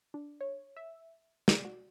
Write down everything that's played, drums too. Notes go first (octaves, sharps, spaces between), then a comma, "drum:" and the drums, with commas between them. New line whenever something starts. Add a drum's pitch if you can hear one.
D4
C#5
E5
D5, drum: snare
F#4